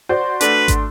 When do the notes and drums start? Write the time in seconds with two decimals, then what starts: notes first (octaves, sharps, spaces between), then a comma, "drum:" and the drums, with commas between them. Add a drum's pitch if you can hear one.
0.09 F#4 C5 D5 C6
0.41 A3 D4 B4, drum: hi-hat
0.68 drum: kick, hi-hat